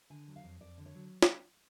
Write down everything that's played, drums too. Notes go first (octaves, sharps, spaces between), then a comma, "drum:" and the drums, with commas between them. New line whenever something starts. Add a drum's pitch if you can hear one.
D3 G#5
F#3
F5
F2
F2 D5
D3
C#5
F#3
drum: snare